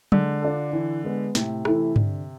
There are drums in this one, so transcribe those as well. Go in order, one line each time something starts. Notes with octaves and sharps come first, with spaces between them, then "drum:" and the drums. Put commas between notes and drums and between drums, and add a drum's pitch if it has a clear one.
D3 G#3, drum: tom F#3
D4 F4 A4
E3
G#3 B3
A2 C3, drum: snare
E3 A3 E4 A4, drum: rim click
D3, drum: tom G2